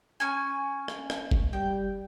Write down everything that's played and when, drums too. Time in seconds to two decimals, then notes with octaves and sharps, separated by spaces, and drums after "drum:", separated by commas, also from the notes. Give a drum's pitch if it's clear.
0.20 C#4 G#5
0.88 drum: rim click
1.10 drum: rim click
1.31 drum: kick
1.53 G3 G5